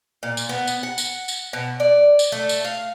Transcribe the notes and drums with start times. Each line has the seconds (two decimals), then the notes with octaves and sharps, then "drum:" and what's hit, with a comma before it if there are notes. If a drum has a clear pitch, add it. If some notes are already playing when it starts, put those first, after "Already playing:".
0.23 A#2
0.37 drum: tambourine
0.49 B3
0.68 drum: tambourine
0.83 F#5
0.98 drum: tambourine
1.28 drum: tambourine
1.53 B2
1.80 D5
2.19 drum: tambourine
2.32 A3
2.49 drum: tambourine
2.65 F5